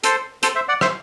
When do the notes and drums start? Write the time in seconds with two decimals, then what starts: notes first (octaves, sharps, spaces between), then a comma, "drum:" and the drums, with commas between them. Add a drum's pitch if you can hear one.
0.04 A4 C5, drum: hi-hat
0.43 A4 C5, drum: hi-hat
0.55 C5 E5
0.68 D5 F#5
0.81 C5 E5, drum: rim click